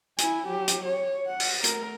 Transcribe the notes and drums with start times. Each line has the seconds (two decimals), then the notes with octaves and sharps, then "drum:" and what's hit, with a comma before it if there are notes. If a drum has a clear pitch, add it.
0.18 E4 G#5, drum: hi-hat
0.47 F#3 G4
0.68 drum: hi-hat
0.86 C#5
1.27 F#5
1.40 drum: open hi-hat
1.64 A3 A#4, drum: hi-hat